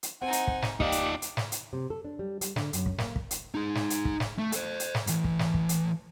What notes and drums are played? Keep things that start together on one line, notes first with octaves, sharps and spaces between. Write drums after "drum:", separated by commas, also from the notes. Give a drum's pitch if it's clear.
drum: hi-hat
C4 D#4 F#5 G#5
drum: hi-hat
drum: kick
drum: snare
D#2 D#4 G4 D5 D#5 F5 F#5, drum: kick
drum: hi-hat
drum: hi-hat
drum: snare
drum: hi-hat
C3
A4
D4
G3
G3, drum: hi-hat
D3, drum: snare
F#2, drum: hi-hat
drum: kick
A#3, drum: snare
drum: kick
drum: hi-hat
D#4 G#4
drum: snare
drum: hi-hat
drum: kick
drum: snare
A3
A4 C5, drum: hi-hat
drum: hi-hat
drum: snare
A2 E3, drum: hi-hat
drum: kick
drum: snare
drum: kick
drum: hi-hat